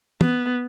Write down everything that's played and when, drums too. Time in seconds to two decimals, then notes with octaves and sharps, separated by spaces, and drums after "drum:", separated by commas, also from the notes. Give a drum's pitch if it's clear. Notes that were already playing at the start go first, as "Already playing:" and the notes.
0.21 B3, drum: tom